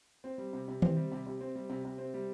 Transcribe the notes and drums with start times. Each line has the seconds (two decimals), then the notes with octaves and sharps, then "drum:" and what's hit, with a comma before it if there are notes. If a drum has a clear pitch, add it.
0.24 C4
0.38 G3
0.53 C3
0.68 C3
0.82 C4, drum: tom D#3
0.96 G3
1.12 C3
1.27 C3
1.41 C4
1.55 G3
1.70 C3
1.85 C3
1.98 C4
2.14 G3